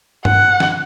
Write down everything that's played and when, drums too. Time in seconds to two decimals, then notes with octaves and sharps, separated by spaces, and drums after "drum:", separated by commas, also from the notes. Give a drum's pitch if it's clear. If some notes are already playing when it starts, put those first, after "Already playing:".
0.25 F#5, drum: tom G2
0.60 drum: snare